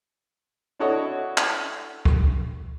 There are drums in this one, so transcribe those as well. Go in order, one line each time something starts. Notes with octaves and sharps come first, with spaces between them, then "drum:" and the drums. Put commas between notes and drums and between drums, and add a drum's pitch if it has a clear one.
D4 E4 F#4 A4 C#5 D#5
drum: clap
drum: kick